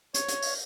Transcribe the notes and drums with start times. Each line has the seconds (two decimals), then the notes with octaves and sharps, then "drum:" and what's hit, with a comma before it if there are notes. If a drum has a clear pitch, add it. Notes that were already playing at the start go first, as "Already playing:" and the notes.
0.14 C#5, drum: hi-hat
0.28 drum: hi-hat
0.42 drum: open hi-hat